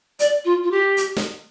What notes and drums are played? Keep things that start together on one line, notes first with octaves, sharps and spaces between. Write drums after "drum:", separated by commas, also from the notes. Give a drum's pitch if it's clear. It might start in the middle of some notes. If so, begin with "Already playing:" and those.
D5, drum: hi-hat
F4
F4
G4
drum: hi-hat
drum: snare